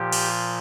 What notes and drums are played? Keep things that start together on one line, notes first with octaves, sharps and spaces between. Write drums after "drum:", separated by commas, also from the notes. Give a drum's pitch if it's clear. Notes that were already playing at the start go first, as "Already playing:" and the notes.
Already playing: A#2 F3 G4
drum: cymbal